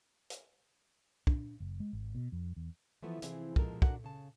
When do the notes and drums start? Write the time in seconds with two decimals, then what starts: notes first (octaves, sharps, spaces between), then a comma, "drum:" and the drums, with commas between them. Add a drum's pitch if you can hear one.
0.30 drum: hi-hat
1.27 D4, drum: kick
1.60 F#1
1.80 G#3
1.93 G#1
2.15 B2
2.32 F2
2.56 E2
3.02 E3 F3 A3 B3
3.22 C3 E3 F3 C4 G#4, drum: hi-hat
3.56 F2 B2 F3 G#3 A4 A#4, drum: kick
3.82 D4 F#4 A4 A#4 F#5, drum: kick
4.04 C#3 A5